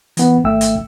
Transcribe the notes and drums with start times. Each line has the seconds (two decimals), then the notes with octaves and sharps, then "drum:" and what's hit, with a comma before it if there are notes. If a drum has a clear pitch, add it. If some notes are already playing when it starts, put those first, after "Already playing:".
0.17 E3 B3, drum: hi-hat
0.44 G#1 A3 E5 G5 E6
0.61 drum: hi-hat